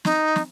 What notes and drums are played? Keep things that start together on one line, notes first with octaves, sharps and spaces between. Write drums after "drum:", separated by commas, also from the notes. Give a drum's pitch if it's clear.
D#4, drum: snare
drum: snare